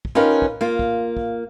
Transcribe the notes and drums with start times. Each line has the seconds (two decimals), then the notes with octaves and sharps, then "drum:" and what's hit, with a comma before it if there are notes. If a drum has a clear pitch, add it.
0.05 drum: kick
0.15 C#4 D#4 F4 G4 A#4 B4
0.42 drum: kick
0.61 A#3 F4
0.79 drum: kick
1.17 drum: kick